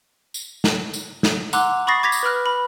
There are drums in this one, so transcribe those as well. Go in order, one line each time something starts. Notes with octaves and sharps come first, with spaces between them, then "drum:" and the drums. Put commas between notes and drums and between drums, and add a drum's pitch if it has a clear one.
drum: tambourine
drum: snare
drum: tambourine
drum: snare
F#5 A#5 C6 D6 E6 F#6, drum: tambourine
B5 C#6 D#6 A6 A#6 C7
B5 D6 G#6 A#6 B6 F7
drum: tambourine
B4 B5 F6 F#6
B5